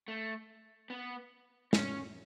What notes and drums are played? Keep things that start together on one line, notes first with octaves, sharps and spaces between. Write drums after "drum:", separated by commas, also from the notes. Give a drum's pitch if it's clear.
A3
B3
C#4, drum: snare